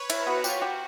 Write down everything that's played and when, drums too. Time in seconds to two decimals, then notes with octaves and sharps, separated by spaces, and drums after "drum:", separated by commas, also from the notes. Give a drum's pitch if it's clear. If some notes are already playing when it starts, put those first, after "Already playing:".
Already playing: B4 C#5
0.10 E4, drum: cymbal
0.27 B3 F#4
0.44 F4 G4, drum: tambourine
0.62 F#4 G4